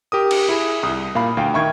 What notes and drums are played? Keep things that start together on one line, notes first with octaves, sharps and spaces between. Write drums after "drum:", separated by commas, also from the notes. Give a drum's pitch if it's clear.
G4 A#4 D#6
drum: cymbal
E4 G#4 B5
C2 D#6
A#2 F5 B5
D2 F5 G5
D#3 E5 G5 C#6 G#6